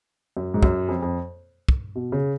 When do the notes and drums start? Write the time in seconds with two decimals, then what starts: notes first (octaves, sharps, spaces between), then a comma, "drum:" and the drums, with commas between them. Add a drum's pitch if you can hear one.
0.37 F#2
0.54 G#2
0.63 F#2, drum: kick
0.89 F2
1.02 F2
1.69 drum: kick
1.95 B2
2.12 C#3